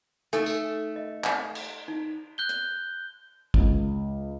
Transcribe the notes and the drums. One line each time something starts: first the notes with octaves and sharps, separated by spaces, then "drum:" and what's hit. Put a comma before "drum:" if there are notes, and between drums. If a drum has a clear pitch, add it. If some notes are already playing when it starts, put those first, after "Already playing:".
A3 D#4 A4 G#5, drum: hi-hat
drum: tambourine
D#5
drum: clap
drum: cymbal
D#4
F#6 G6 G7
drum: hi-hat
C#2, drum: kick